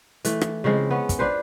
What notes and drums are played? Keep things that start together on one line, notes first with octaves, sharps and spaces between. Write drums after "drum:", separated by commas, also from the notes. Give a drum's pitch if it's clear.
E3 A3, drum: hi-hat
drum: rim click
C#3 F3 G#3 C4
B3 C#4
drum: kick, hi-hat
D4 F4 B4 C5